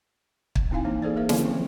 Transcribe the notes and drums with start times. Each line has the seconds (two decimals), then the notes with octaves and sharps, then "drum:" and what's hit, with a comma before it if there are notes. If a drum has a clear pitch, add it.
0.55 drum: kick
0.71 C4 D#4 E4 F5 G#5
0.85 E3 A#3 D4 D#4
1.02 A#3 G#4 A4 C5 D5
1.16 A#3 A#4 E5
1.29 D3 E3 F#3 A#3 C#4 E4, drum: snare
1.43 F3 C4